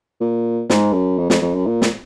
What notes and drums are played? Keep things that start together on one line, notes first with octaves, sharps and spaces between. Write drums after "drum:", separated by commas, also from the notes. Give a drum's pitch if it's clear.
A#2
G#2, drum: snare
F#2
F2
F2, drum: snare
F2
F#2
A#2
drum: snare